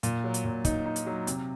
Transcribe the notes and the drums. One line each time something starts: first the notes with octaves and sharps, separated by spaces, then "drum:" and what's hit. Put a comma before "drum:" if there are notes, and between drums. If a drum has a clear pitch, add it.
A#2, drum: hi-hat
F#3
drum: hi-hat
A#2
D#4, drum: kick, hi-hat
D#4
drum: hi-hat
F#3
C3, drum: hi-hat